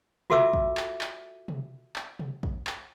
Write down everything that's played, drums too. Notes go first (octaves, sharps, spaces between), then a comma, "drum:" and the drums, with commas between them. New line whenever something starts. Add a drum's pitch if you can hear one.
F4 F#4 A4 E5 D6 E6, drum: tom B2
drum: kick
drum: clap
drum: clap
drum: tom
drum: clap
drum: tom B2
drum: kick
drum: clap